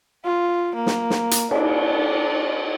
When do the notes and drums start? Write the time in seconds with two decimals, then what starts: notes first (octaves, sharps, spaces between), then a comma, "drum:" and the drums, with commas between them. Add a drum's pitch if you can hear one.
0.24 F4
0.75 A#3
0.86 drum: snare
1.10 drum: snare
1.31 drum: hi-hat
1.51 D4, drum: cymbal